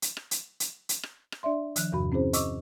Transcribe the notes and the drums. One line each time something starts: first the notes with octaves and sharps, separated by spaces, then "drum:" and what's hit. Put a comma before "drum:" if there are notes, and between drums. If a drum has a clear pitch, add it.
drum: hi-hat
drum: rim click
drum: hi-hat
drum: hi-hat
drum: hi-hat
drum: rim click
drum: rim click
D4 D5 E5 C6
D#3 F3 F#6, drum: hi-hat
E2 G2 C3 F#4 B5
C4 C#4 E4 G#4 C5
D#5 C#6 D6 E6, drum: hi-hat